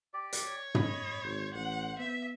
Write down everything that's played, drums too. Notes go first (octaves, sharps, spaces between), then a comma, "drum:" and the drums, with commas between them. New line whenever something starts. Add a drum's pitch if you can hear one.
G4 D5
drum: hi-hat
C#5
D#5 B5, drum: tom
G#1 C5
A1 F#5
B3 E5